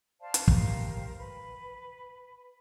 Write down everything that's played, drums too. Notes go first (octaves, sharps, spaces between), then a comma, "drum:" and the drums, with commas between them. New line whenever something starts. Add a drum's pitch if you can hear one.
C5 D5 F5 A5
drum: hi-hat
G4 A#4 C5 F5, drum: kick
B4